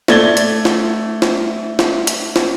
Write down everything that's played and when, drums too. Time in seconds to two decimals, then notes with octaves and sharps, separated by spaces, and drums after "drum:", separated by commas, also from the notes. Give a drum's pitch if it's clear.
0.08 A3 D5 G#6 A6 G7, drum: snare
0.37 drum: hi-hat
0.65 drum: snare
1.22 drum: snare
1.79 drum: snare
2.07 drum: hi-hat
2.36 drum: snare